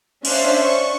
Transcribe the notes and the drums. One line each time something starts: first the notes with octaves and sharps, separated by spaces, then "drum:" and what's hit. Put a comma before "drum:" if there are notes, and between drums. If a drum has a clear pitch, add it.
C#4 D4 C5 E5 F5, drum: cymbal
C#6